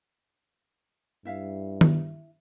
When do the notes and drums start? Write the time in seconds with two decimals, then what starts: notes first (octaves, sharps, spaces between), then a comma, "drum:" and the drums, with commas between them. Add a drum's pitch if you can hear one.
1.25 G2 E4 E5 F5
1.81 drum: tom D#3